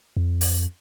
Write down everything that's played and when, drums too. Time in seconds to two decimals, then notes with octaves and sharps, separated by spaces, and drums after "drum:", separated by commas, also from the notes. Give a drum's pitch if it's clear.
0.17 F2
0.41 drum: open hi-hat